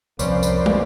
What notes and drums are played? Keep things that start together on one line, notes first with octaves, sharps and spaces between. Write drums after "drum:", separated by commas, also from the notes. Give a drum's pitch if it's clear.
C2 F2 A#3 C#4 B4 C5 D5, drum: tambourine
drum: tambourine
drum: tom